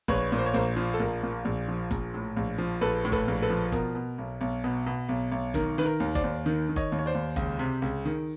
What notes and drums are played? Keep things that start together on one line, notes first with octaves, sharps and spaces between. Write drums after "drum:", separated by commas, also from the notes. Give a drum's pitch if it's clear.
A#1 B4 C#5, drum: kick G1, hi-hat
A#2
C5
C#5
A#1 A#4 C5
F3
A4
A#1 A#4
A#2
A#1
F3
A#1, drum: kick G1, hi-hat
A2
A#1
F3
A#1 A4 B4
A2
A4 B4, drum: kick G1, hi-hat
A#1
A4 B4
F3
B2 A#4, drum: kick G1, hi-hat
B2
B1
B1
B2
B2
B1
B1
D#3 A#4, drum: kick G1, hi-hat
D#3 B4
A#4
D#2
C5 D5, drum: kick G1, hi-hat
D#2
D#3
D#3
C#5 D#5, drum: kick G1, hi-hat
D#2
C#5
C5 D5
D#2
C#2, drum: kick G1, hi-hat
C3
C#2
D#3